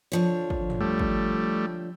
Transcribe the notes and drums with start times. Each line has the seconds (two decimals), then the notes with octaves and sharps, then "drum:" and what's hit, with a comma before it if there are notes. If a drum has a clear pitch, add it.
0.12 D3 F3 C#5
0.50 drum: kick
0.70 drum: tom
0.80 G3 A3
0.99 drum: kick